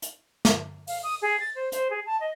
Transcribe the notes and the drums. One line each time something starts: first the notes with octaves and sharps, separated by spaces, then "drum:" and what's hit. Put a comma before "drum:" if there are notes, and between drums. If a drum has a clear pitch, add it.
drum: hi-hat
drum: snare
F5, drum: open hi-hat
D#6
G#4
A6
C5
C5, drum: hi-hat
G#4
A5
D#5